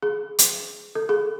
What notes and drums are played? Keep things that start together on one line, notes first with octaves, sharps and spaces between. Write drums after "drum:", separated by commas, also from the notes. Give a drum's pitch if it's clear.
G#4
drum: hi-hat
A4
G#4